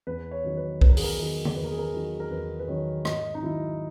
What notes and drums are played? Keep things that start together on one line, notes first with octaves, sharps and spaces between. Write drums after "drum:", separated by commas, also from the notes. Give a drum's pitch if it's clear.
E2 B4
C#5
D#3 F#3
B4
E2 B4, drum: kick
A#4
G#4, drum: open hi-hat
A#4
D#3 F#3 A#4
drum: tom D3
E2 B4
A#4
G#4
A#4
D#3 F#3
A#4
E2 B4
B4
D#3 F#3 C#5
G#2 D#5, drum: rim click
D#4
D#3 F#3 E4